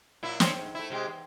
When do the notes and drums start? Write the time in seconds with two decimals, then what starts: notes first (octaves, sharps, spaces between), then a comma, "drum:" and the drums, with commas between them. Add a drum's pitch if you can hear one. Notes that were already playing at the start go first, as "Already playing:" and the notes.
0.23 A#2 F#3 E4
0.40 D#3 C4 C#4, drum: snare
0.57 G#2
0.75 A3 E4
0.90 C3 G#3 G4
1.07 E2